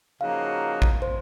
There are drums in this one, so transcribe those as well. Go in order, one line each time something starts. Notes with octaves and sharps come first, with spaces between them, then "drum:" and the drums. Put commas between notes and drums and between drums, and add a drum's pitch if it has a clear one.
C#3 F3 A#3 D#4 F#4 F5
drum: kick A1
C5